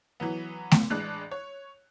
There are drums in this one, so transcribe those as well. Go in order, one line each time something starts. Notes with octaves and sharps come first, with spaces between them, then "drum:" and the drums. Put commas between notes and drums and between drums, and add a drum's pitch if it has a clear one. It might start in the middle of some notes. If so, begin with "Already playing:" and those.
E3 F#3 B3
drum: snare A3
A1 G#3 D4 F#6
C#5